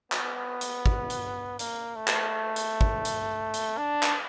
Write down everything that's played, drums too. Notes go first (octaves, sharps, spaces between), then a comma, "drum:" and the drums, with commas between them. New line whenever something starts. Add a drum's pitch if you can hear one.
B3, drum: clap
drum: hi-hat
drum: kick
drum: hi-hat
A#3, drum: hi-hat
A3
drum: clap
drum: hi-hat
drum: kick
drum: hi-hat
drum: hi-hat
D4
drum: clap